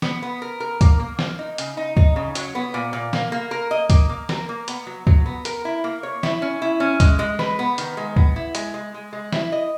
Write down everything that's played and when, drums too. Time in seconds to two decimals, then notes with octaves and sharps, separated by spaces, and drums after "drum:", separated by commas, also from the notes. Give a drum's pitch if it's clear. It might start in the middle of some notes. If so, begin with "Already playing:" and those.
0.02 B3, drum: snare
0.22 B3
0.42 A#4
0.60 A#4
0.81 A#3, drum: kick C#2, hi-hat
0.99 A#3
1.19 A#3, drum: snare
1.39 D#4
1.58 C#3, drum: hi-hat
1.77 D#4
1.97 D#4, drum: kick C#2
2.16 C#3
2.35 F#3, drum: hi-hat
2.55 B3
2.74 A#2
2.93 A#2
3.13 A#3, drum: snare
3.32 A#3
3.51 A#4
3.71 D#5
3.90 A#3, drum: kick C#2, hi-hat
4.09 A#3
4.29 A#4, drum: snare
4.49 A#3
4.68 B3, drum: hi-hat
4.86 F#3
5.07 F#3, drum: kick C#2
5.26 B3
5.45 A#4, drum: hi-hat
5.65 E4
5.84 A#3
6.03 C#5
6.23 E4, drum: snare
6.42 C#4
6.62 E4
6.80 C#4
7.00 G#3, drum: kick C#2, hi-hat
7.19 G#3
7.39 B4, drum: snare
7.59 B3
7.78 D#3, drum: hi-hat
7.97 G#3
8.16 B3, drum: kick C#2
8.36 E4
8.55 G#3, drum: hi-hat
8.74 G#3
8.94 G#3
9.13 G#3
9.32 E4, drum: snare
9.52 D#5